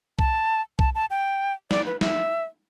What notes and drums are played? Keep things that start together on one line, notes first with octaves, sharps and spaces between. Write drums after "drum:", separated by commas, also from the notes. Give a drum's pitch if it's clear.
A5, drum: kick B1
A5, drum: kick B1
A5
G5
D5, drum: snare
B4
E5, drum: snare